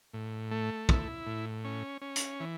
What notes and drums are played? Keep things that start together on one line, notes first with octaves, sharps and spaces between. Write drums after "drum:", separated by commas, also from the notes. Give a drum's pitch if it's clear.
A2
A3
E4, drum: kick
A2
C#4
C#4
drum: hi-hat
E3